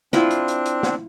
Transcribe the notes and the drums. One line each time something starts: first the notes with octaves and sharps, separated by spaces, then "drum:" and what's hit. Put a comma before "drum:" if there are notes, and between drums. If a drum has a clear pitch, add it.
C4 D4 E4 F4, drum: snare
drum: hi-hat
drum: hi-hat
drum: hi-hat
drum: snare